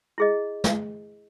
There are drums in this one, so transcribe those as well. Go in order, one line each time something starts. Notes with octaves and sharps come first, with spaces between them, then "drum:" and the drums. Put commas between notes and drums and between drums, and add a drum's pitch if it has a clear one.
E4 G#4 D#5
drum: snare